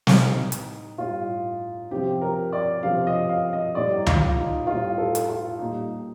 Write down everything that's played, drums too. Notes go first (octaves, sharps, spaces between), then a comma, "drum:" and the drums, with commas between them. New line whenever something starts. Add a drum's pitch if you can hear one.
A2 G3 D#4, drum: snare
drum: hi-hat
A2 G3 F4
C3 F3 G4
A#4
D5
C3 F3 F5
D#5
F5
D#5
A2 G3 D5
D#4
F4, drum: tom C#2
D#4
A2 G3 F4
A4
drum: hi-hat
F4
A#2 G3 D#4